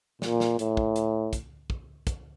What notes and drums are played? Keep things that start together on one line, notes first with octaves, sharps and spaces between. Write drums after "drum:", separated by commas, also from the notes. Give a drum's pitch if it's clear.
A#2, drum: snare
drum: snare
A2, drum: hi-hat
drum: kick
drum: hi-hat
drum: kick, hi-hat
drum: kick
drum: kick, hi-hat